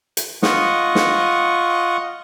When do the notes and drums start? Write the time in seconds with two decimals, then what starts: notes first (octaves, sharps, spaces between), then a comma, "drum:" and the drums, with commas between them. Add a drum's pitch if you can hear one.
0.17 drum: hi-hat
0.42 F4 D#5 F#5 C#6, drum: snare
0.95 drum: snare